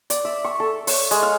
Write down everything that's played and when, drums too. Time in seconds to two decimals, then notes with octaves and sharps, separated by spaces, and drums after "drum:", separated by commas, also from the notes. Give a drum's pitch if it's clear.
0.10 D5, drum: hi-hat
0.25 E5
0.44 C#6
0.60 A4
0.87 C#5, drum: open hi-hat
1.11 G#3, drum: hi-hat
1.23 F5